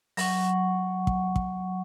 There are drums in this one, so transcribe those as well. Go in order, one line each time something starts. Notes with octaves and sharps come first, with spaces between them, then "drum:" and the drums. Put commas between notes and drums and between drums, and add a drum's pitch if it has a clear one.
F#3 F#5 C#6, drum: open hi-hat
drum: kick
drum: kick